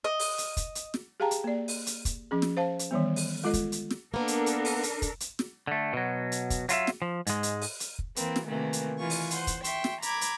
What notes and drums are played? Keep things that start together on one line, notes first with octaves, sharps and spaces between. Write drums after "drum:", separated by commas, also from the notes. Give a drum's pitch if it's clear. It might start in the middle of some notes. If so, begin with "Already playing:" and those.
D#5
drum: open hi-hat
drum: hi-hat
drum: kick, hi-hat
drum: hi-hat
drum: snare
G4 G#4 F5 G5 A5 A#5
drum: hi-hat
A#3 D5
drum: open hi-hat
drum: hi-hat
drum: kick, hi-hat
F3 C#4 G#4
drum: snare
C5 F5 A5
drum: hi-hat
D#3 E3 G3 B3
drum: open hi-hat
G#3 F4 A4 D#5
drum: kick, hi-hat
drum: hi-hat
drum: snare
A#3 B3 D4 A4 A#4
drum: hi-hat
drum: hi-hat
drum: open hi-hat
drum: hi-hat
drum: kick, hi-hat
drum: hi-hat
drum: snare
D3 A3
B2 F#3
drum: hi-hat
drum: kick, hi-hat
F#3 F4 A4 E5, drum: hi-hat
drum: snare
F3
G#2 G#3, drum: hi-hat
drum: hi-hat
drum: open hi-hat
drum: hi-hat
drum: kick
E3 A#3 C4 B4, drum: hi-hat
drum: snare
C3 D#3 E3 A3 A#3
drum: hi-hat
E3 F4 G#5 C#6
drum: open hi-hat
C5 F#5 C6, drum: hi-hat
drum: kick, hi-hat
E5 G5 C6 C#6, drum: hi-hat
drum: snare
A#5 B5 D6 G#6, drum: hi-hat
drum: hi-hat